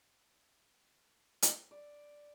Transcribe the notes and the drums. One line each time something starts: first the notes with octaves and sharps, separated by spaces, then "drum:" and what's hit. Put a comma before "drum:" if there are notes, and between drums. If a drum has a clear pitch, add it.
drum: hi-hat
D5